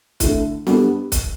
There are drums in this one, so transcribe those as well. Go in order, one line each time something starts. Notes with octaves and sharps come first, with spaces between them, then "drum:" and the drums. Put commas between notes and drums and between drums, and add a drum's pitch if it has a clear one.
D3 A3 E4, drum: kick, hi-hat
G3 B3 D4 A4, drum: snare C4
drum: kick, hi-hat